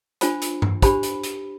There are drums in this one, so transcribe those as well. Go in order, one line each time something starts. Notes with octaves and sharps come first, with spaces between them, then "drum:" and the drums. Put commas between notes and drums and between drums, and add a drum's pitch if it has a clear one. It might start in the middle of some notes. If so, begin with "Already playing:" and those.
D4 F4 C5 B5, drum: hi-hat
drum: hi-hat
drum: tom G2
D4 G4 C5 B5, drum: kick, hi-hat
drum: hi-hat
drum: hi-hat